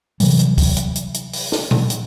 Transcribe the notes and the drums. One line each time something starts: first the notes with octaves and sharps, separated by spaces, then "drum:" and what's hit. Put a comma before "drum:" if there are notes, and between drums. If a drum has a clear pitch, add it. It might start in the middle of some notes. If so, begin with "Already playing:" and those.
C3 E3 F#3 G3, drum: open hi-hat
drum: hi-hat
drum: kick, open hi-hat
drum: hi-hat
drum: hi-hat
drum: hi-hat
drum: open hi-hat
drum: snare
drum: tom A#2
drum: hi-hat